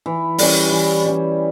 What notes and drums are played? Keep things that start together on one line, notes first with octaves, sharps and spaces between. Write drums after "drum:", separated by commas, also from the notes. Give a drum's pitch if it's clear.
E3
G3 C#4, drum: open hi-hat
E3
G3 C#4